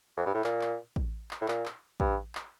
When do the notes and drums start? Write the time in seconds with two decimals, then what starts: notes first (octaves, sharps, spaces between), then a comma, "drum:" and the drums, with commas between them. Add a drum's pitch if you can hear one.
0.17 F2
0.26 G2
0.34 A2
0.44 A#2, drum: clap
0.61 drum: clap
0.96 drum: kick A1
1.31 drum: clap
1.41 A2
1.48 A#2, drum: clap
1.66 drum: clap
2.00 G2, drum: kick A1
2.35 drum: clap